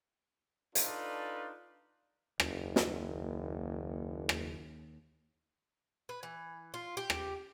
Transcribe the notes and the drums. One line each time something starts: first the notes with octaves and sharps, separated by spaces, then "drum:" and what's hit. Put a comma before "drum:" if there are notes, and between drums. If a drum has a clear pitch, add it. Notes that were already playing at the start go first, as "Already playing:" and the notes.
D4 D#4 F4 A4 B4 D5, drum: hi-hat
F#1 D#2, drum: rim click
drum: snare
drum: rim click
B4
E3
F4
G4
drum: rim click